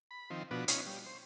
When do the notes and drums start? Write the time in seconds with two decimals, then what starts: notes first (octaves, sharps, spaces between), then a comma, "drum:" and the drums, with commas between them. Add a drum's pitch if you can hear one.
0.11 B5
0.30 D#3 F3 C4
0.51 B2 F3 B3 D4 F#4
0.68 C#4 D#4 F4 B4 C#5, drum: hi-hat
0.86 G3
1.06 C5